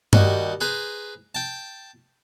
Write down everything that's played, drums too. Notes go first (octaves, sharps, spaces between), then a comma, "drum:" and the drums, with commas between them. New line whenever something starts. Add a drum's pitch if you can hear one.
D#2 G3 F#4 D#5, drum: tom G2
G#4 B4 C5 A#5
G5 A5